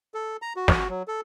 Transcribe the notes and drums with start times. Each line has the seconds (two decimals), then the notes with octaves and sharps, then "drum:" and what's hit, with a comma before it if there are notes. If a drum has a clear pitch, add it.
0.14 A4
0.42 A#5
0.56 F#4
0.68 drum: snare
0.89 F#3
1.08 A4